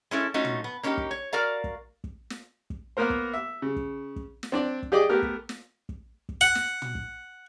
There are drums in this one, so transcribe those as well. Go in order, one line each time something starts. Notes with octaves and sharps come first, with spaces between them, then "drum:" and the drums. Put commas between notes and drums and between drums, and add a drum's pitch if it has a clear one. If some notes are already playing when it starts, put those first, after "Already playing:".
G#3 C#4 E4 A4
A3 C#4 D#4 F4 F#4
drum: tom
B3
A#3 C#4 D#4 F4 G4
drum: kick
C#5
F#4 A#4 D5 F5 A#5
drum: kick
drum: kick
drum: snare
drum: kick
A#3 B3 A#4 C5
drum: kick
E5
C#3
drum: kick
drum: kick
drum: snare
C4 D4 D5
drum: kick
G4 G#4 D5 D#5 G5 D6
A3 B3 G4 A#4
drum: kick
drum: snare
drum: kick
drum: kick
F#5
drum: snare
drum: tom
drum: kick